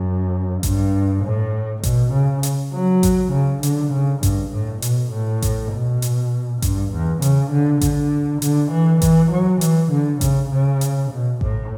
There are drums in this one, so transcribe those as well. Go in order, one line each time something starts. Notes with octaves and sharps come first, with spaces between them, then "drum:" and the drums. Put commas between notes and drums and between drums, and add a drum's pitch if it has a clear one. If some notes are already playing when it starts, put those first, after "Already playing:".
Already playing: F#2
G2, drum: kick A1, hi-hat
A2
B2, drum: kick A1, hi-hat
C#3
drum: hi-hat
F#3
drum: kick A1, hi-hat
C#3
D3, drum: hi-hat
C#3
G2, drum: kick A1, hi-hat
A2
B2, drum: hi-hat
A2
drum: kick A1, hi-hat
B2
drum: hi-hat
G2, drum: kick A1, hi-hat
E2
C#3, drum: hi-hat
D3
D3, drum: kick A1, hi-hat
D3, drum: hi-hat
E3
E3, drum: kick A1, hi-hat
F#3
E3, drum: hi-hat
D3
C#3, drum: kick A1, hi-hat
C#3
drum: hi-hat
B2
A2, drum: kick A1